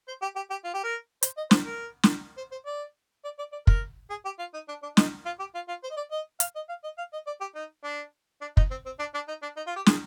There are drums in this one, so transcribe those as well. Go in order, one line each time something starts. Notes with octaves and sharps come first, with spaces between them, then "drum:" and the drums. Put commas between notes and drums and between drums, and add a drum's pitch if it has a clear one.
C5
G4
G4
G4
F4
G4
A#4
C5, drum: hi-hat
D#5
C5, drum: snare
A#4
drum: snare
C5
C5
D5
D5
D5
D5
A#4, drum: kick
G#4
G4
F4
D#4
D4
D4
D#4, drum: snare
F4
G4
F4
F4
C5
D#5
D5
D#5
F5, drum: hi-hat
D#5
F5
D#5
F5
D#5
D5
G4
D#4
D4
D4
D#4, drum: kick
C4
C4
D4
D4
D#4
D4
D#4
F4
G4
G#4, drum: snare